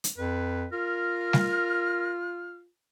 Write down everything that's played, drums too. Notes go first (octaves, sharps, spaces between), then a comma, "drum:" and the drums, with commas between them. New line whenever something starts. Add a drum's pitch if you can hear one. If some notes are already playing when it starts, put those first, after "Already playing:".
drum: hi-hat
F2 B4
F4 A#4 F6
drum: snare G3